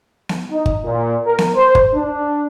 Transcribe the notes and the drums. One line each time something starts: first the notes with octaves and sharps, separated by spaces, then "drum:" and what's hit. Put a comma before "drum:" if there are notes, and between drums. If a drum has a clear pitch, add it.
drum: snare B3
D#4
drum: kick G1
A#2
A#4
drum: snare B3
C5
drum: kick G1
D4